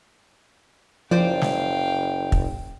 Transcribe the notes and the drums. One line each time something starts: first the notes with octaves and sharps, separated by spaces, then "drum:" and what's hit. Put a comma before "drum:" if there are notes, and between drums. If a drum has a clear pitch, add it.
F#1 F3 C5 D5 F5 G5
drum: snare
drum: kick